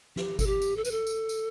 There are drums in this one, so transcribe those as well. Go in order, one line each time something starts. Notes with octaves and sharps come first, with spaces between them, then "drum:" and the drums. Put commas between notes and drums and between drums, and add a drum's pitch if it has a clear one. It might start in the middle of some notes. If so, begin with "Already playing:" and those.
G4, drum: snare
A4, drum: kick G1, tambourine
G4
drum: tambourine
A4
B4, drum: tambourine
A4
drum: tambourine
drum: tambourine